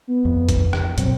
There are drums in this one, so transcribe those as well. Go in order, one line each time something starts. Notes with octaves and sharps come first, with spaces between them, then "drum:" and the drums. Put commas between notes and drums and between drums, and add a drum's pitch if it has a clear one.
B3
F2
drum: kick, hi-hat
drum: rim click
F#2 B2 C4, drum: hi-hat